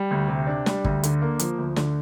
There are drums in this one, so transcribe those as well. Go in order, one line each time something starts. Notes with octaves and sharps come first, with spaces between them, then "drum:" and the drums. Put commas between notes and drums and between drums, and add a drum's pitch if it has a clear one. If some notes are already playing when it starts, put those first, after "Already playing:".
Already playing: G3
D2
C3
D4
G3, drum: snare
D2, drum: kick
D3, drum: hi-hat
A#3
F3, drum: hi-hat
D2
D3, drum: snare